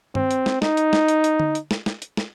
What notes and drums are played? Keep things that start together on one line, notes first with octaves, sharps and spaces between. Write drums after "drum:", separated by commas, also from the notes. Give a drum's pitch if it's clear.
C4, drum: tom G2
drum: hi-hat
drum: snare
D#4, drum: snare
drum: hi-hat
drum: snare
drum: hi-hat
drum: hi-hat
drum: tom D3
drum: hi-hat
drum: snare
drum: snare
drum: hi-hat
drum: snare